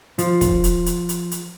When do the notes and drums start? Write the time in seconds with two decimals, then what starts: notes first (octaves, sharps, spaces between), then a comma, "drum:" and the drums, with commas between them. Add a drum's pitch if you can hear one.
0.18 F3, drum: hi-hat
0.41 drum: kick, hi-hat
0.64 drum: hi-hat
0.86 drum: hi-hat
1.09 drum: hi-hat
1.31 drum: hi-hat